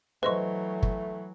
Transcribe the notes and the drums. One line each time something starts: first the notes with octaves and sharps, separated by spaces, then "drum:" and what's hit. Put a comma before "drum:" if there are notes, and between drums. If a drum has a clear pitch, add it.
E3 F#3 A3 B4 C5 D#5 C#6
drum: kick